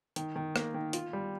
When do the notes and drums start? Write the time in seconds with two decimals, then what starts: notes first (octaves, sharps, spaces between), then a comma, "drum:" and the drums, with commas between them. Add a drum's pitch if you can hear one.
0.16 D#3, drum: hi-hat
0.36 D#3
0.56 A#3, drum: rim click
0.74 D#3
0.93 F4, drum: hi-hat
1.13 G3